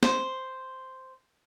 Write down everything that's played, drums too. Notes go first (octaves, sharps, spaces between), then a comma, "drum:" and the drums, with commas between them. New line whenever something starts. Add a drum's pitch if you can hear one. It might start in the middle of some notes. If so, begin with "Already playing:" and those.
C5, drum: snare